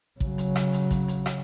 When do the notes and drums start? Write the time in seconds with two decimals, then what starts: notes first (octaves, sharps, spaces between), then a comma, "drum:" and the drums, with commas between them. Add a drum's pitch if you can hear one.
0.20 C#3 F#3, drum: kick
0.38 drum: hi-hat
0.56 drum: rim click
0.73 drum: hi-hat
0.91 drum: kick, hi-hat
1.08 drum: hi-hat
1.26 drum: rim click